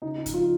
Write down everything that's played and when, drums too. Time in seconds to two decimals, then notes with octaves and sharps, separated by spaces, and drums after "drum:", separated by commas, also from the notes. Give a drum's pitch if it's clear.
0.02 C#3 D#4
0.18 D#4
0.26 F3, drum: kick, hi-hat
0.34 F4